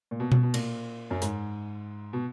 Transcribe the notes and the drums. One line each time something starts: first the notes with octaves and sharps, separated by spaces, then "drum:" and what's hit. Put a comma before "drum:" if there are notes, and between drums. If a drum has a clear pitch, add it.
A#2
B2
B2, drum: tom B2
B2
A#2, drum: cymbal
F#2
G#2, drum: hi-hat
B2